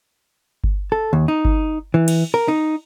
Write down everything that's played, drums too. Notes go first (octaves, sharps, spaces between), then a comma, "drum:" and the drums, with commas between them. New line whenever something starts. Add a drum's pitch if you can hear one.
drum: kick G1
A4
D#2
D#4
drum: kick G1
E3
drum: cymbal
A#4
D#4